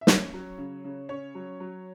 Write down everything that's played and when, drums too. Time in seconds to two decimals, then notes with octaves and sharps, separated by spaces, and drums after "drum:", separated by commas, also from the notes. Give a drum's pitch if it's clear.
0.01 E5
0.07 C#4 C#5, drum: snare
0.34 F#3
0.58 C#3
0.85 C#3
1.09 C#4 C#5
1.35 F#3
1.60 F#3